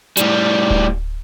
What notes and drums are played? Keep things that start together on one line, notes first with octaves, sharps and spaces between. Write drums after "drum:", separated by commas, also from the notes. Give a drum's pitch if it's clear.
A2 G3, drum: hi-hat
drum: kick D1